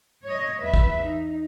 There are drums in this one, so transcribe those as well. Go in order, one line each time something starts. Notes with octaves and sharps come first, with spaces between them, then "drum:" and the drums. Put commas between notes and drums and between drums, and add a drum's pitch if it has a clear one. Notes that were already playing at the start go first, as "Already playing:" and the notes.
C#5 D#5
E2 B4 E5
drum: kick
D#4